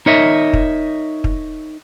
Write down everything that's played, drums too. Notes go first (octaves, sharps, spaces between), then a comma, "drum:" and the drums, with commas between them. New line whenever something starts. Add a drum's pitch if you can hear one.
D#4 A#4 C#5 D#5 E5
drum: kick
drum: kick